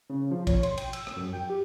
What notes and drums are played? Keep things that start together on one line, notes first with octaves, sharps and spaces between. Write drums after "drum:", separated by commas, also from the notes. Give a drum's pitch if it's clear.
C#3
F3
C#5, drum: kick, cymbal
C6, drum: cymbal
G5, drum: cymbal
E6, drum: cymbal
drum: rim click
F#2
G5
G4